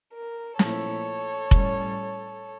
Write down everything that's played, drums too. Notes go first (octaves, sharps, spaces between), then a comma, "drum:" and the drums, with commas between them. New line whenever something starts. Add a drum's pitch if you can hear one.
A#4
A#2 F3 A3 E4 A4 C#5, drum: snare
A2 G3 C#4, drum: kick F1